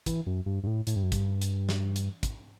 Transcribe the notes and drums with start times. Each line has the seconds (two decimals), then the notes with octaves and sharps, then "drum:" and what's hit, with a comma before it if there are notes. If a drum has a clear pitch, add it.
0.06 E3, drum: kick, hi-hat
0.26 F#2
0.46 G2
0.63 G2
0.67 A2
0.87 A2, drum: hi-hat
0.96 G2
1.03 F#2
1.12 G2, drum: kick, hi-hat
1.41 drum: hi-hat
1.69 drum: snare
1.96 drum: hi-hat
2.23 drum: kick, hi-hat